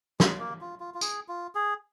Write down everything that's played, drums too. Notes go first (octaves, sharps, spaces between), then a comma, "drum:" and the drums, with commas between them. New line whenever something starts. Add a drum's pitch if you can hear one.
G#3, drum: snare
A#3
F4
F4
F4
G#4, drum: tambourine
F4
G#4